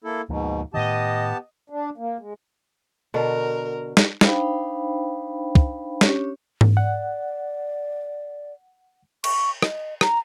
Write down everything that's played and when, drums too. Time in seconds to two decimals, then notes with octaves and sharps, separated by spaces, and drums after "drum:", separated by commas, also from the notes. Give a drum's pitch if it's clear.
0.04 A#3 E4 A4
0.29 D2 G#2 B2 F3 A#3
0.74 A2 D#3 B3 G4 D#5 A5
1.70 D4
1.98 A#3
2.19 G#3
3.14 B2 D3 F#4 A#4
3.97 drum: snare
4.21 D4 D#4 C5 F5 G5 B5, drum: snare
5.55 drum: kick
6.01 C#4 D4 G4 C#5, drum: snare
6.61 drum: tom G#2
6.77 D5 F#5
9.24 C#6, drum: cymbal
9.62 D#5, drum: rim click
10.01 A#5, drum: rim click